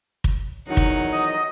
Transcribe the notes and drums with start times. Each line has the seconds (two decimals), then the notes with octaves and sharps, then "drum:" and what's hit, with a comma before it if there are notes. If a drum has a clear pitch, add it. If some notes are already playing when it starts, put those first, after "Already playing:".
0.24 drum: kick
0.68 E2 D#3 F#3 D#4 F#5
0.77 drum: kick
1.12 D#5